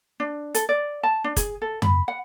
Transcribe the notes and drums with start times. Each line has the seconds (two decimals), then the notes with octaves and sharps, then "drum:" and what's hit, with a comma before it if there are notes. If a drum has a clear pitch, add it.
0.20 D4
0.54 A4, drum: hi-hat
0.69 D5
1.03 A5
1.24 D4
1.36 G#4, drum: kick, hi-hat
1.62 A4
1.82 B5, drum: tom F2
2.08 F#5